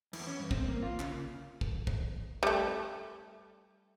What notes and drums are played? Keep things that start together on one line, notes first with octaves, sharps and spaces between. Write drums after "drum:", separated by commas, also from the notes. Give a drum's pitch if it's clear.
E2, drum: cymbal
C#4
G2
C4, drum: kick
A#3
F4
C#3, drum: clap
drum: kick
drum: kick
G3 A3